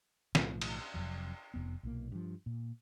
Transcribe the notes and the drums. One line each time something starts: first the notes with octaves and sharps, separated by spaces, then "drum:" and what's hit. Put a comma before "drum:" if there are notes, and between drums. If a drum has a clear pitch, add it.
B1 A2 D#3 F3, drum: snare
drum: cymbal
F1 B1 F2 F#3
F1 F2 B3
B1 A#2 A#3
G2 F3
A#2